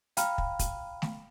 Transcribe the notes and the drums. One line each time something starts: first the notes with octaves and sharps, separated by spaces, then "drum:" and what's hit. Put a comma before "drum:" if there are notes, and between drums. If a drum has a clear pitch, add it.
F5 G5 A#5 B5 F6, drum: hi-hat
drum: kick
drum: kick, hi-hat
drum: snare A3